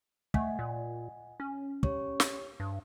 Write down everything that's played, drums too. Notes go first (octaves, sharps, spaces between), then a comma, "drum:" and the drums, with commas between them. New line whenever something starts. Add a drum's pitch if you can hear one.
A3 D#5 F#5 G#5, drum: kick
A#2
C#4
G4 C#5 C#6, drum: kick
drum: snare
G2